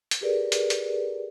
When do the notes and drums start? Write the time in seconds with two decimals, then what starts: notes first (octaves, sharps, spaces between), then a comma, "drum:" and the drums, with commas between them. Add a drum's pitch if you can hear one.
0.11 drum: hi-hat
0.21 G4 G#4 A#4 B4 D5
0.52 drum: hi-hat
0.70 drum: hi-hat